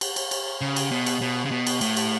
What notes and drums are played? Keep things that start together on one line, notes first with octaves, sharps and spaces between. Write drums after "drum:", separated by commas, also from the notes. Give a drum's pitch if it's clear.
drum: cymbal
drum: cymbal
drum: cymbal
C#3
drum: cymbal
B2
drum: cymbal
B2
C#3
B2
drum: cymbal
A2, drum: cymbal
drum: cymbal